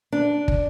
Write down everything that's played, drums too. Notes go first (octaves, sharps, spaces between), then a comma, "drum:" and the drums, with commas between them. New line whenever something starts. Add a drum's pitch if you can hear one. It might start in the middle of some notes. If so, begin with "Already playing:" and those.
D4
drum: kick